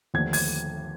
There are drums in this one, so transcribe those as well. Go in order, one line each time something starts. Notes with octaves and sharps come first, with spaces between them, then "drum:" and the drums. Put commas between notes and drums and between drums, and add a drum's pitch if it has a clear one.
D#2 D3 F3 A3 D4 G#6
G#6, drum: open hi-hat